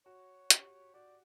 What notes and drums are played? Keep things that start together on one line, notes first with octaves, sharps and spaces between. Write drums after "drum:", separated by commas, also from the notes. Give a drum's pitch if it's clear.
F#4 C#5
G4, drum: hi-hat
F#4 D5